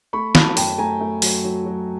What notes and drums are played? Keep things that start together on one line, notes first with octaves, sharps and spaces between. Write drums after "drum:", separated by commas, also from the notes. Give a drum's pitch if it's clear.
A3 B5 C#6
F#3 A5 B5, drum: snare
F#2 G5 A5, drum: open hi-hat
A3 G#5 A#5
A3
F#3, drum: open hi-hat
F#3
F#3